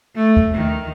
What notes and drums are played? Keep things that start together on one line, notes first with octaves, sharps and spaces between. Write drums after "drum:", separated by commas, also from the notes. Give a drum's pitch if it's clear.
A3
drum: kick D2
D#3